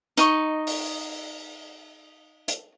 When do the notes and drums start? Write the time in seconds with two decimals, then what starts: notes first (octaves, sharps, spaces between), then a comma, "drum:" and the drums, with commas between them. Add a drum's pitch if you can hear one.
0.17 D#4 D#5 C#6, drum: hi-hat
0.67 drum: open hi-hat
2.48 drum: hi-hat